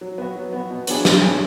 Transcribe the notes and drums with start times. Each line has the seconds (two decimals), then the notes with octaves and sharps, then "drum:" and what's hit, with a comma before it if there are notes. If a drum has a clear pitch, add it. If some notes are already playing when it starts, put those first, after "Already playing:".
0.01 F#3
0.18 B3 F#4
0.36 F#3
0.53 B3 F#4
0.71 B2
0.87 F#3 B3 D4 G#4, drum: hi-hat
1.05 B2, drum: snare
1.21 F#3 B3 D4 G#4